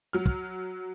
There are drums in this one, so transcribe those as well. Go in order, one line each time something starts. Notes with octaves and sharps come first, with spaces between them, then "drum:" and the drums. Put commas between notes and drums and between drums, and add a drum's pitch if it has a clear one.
F#3 F6
drum: kick